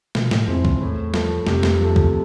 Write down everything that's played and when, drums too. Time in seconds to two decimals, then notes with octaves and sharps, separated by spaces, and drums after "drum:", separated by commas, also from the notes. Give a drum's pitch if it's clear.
0.15 B2 F3, drum: snare
0.31 A2, drum: snare
0.48 F2 G#3 C4 E4
0.65 drum: kick C2
0.81 E2 A2
1.14 F3 A3, drum: snare
1.47 F2 C3, drum: snare
1.63 drum: snare
1.80 F3 A3
1.96 drum: kick C2